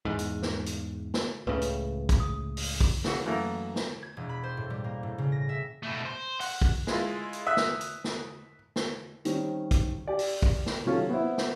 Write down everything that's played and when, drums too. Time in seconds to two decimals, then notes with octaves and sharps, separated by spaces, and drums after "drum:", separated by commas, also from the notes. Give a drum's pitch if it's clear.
0.05 E2 G#2
0.19 drum: hi-hat
0.42 drum: snare
0.66 drum: hi-hat
1.14 drum: snare
1.47 C#2 A2 C#3 B4
1.61 drum: hi-hat
2.09 drum: kick, hi-hat
2.20 D#6
2.57 drum: open hi-hat
2.81 drum: kick
3.04 C#3 E3 F#4, drum: snare
3.26 F#2 E3 A3 A#3
3.76 drum: snare
4.03 G#6
4.17 E1
4.29 B5
4.43 C5
4.57 A2
4.70 G3
4.84 A#3
5.03 A2
5.18 C#3
5.32 A#6
5.49 E5
5.83 B2 A3
6.05 C5
6.40 F#5, drum: open hi-hat
6.62 drum: kick
6.87 G#3 E4 F4, drum: snare
7.33 drum: hi-hat
7.47 E5 D#6 F#6 B6
7.57 drum: snare
7.81 drum: hi-hat
8.04 drum: snare
8.76 drum: snare
9.25 D#3 G3 C4 C#4, drum: hi-hat
9.71 drum: kick, hi-hat
10.07 G4 D5
10.19 drum: open hi-hat
10.42 drum: kick
10.66 drum: snare
10.85 C3 D#3 F#3 C#4 F4 A4
11.10 B3 C4 E4
11.38 drum: snare